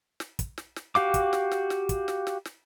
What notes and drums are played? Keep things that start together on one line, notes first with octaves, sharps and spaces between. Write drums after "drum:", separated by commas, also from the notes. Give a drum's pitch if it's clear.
drum: snare
drum: kick, hi-hat
drum: snare
drum: snare
F#4 G4 F5 D6, drum: snare
drum: kick, hi-hat
drum: snare
drum: snare
drum: snare
drum: kick, hi-hat
drum: snare
drum: snare
drum: snare